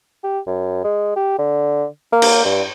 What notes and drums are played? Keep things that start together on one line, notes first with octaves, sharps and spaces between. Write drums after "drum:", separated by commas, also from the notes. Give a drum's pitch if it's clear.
G4
F#2
G#3
G4
D3
A#3
drum: cymbal
G2